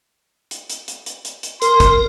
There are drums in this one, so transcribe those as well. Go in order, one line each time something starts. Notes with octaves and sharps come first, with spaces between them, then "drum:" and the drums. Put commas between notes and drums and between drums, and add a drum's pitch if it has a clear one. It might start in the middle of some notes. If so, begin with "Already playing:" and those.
drum: hi-hat
drum: hi-hat
drum: hi-hat
drum: hi-hat
drum: hi-hat
drum: hi-hat
A#4 C6, drum: hi-hat
drum: kick, hi-hat